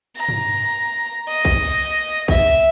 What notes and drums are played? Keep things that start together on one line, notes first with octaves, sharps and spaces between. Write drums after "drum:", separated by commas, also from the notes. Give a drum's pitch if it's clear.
A#5
drum: tom G2
D#5
drum: kick
drum: cymbal
E5, drum: kick